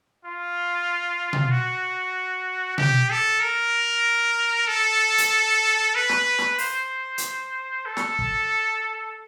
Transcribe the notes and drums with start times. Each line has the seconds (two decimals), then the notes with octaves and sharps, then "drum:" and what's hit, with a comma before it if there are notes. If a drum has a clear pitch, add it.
0.25 F4
1.33 drum: tom B2
1.51 F#4
2.78 G4, drum: tom B2
3.10 A4
3.41 A#4
4.68 A4
5.18 drum: hi-hat
5.95 B4
6.09 drum: snare
6.38 drum: snare
6.58 C5, drum: open hi-hat
7.18 drum: hi-hat
7.86 A4
7.97 drum: snare
8.19 drum: kick